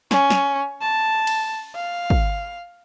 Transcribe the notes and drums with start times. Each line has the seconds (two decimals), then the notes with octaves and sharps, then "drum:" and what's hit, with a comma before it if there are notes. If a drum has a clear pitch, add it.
0.11 C#4, drum: snare
0.30 drum: snare
0.81 A5
1.27 drum: cymbal
1.75 F5
2.10 drum: kick